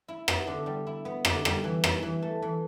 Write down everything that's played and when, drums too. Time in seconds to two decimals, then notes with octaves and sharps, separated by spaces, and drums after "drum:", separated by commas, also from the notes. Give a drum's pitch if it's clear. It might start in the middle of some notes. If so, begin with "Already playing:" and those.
0.08 E4
0.28 B3, drum: rim click
0.47 D3
0.66 G3
0.87 E4
1.05 B3
1.25 D3, drum: rim click
1.45 G3, drum: rim click
1.64 E3
1.84 E4, drum: rim click
2.03 E3
2.22 A3
2.42 E3